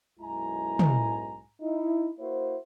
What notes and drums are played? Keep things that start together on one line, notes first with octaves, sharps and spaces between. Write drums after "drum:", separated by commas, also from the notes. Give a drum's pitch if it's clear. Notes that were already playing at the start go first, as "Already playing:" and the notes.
B1 F#2 G#3 E4 G#5 A#5
drum: tom
D#4 E4
A#3 E4 F#4 C5